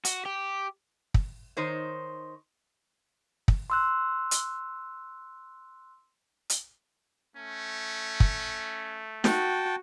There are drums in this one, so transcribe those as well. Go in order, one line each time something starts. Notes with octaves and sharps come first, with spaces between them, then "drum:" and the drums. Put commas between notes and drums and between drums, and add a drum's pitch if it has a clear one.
F#4, drum: hi-hat
G4
drum: kick
D#3 D#4 C5 C#5
drum: kick
C6 E6 F#6
drum: hi-hat
drum: hi-hat
A3 C#4
drum: kick
F#4 G5 A5, drum: snare